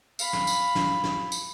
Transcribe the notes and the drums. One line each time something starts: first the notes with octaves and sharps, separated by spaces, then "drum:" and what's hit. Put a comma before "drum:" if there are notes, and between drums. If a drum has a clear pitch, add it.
F5 B5, drum: tambourine
drum: snare
drum: tambourine
drum: snare
drum: snare
drum: tambourine